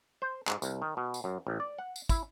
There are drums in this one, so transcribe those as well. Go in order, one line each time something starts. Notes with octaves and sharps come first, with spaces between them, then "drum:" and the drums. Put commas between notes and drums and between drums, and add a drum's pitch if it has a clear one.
C5
G#2, drum: clap
C2, drum: tambourine
D#3
B2
drum: tambourine
F#2
A1
D5
F#5
drum: tambourine
E4, drum: kick, tambourine